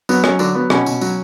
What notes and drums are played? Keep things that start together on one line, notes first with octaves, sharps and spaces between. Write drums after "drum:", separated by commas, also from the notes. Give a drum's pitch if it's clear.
F#3 B3, drum: tambourine
F#3 C#4, drum: rim click
D3 F#3 D4, drum: tambourine
F#3 B3
B2 C#4, drum: rim click
B2, drum: tambourine
F#3, drum: tambourine